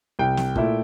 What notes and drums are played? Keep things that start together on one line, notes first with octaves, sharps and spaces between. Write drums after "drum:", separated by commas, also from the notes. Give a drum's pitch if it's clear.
C2 G5
drum: snare
A#2 A3 E4, drum: kick